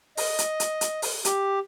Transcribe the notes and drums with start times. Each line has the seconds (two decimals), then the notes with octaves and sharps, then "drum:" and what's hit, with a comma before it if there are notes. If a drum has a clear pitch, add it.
0.17 D#5, drum: open hi-hat
0.39 drum: hi-hat
0.60 drum: hi-hat
0.81 drum: hi-hat
1.02 drum: open hi-hat
1.25 G4, drum: hi-hat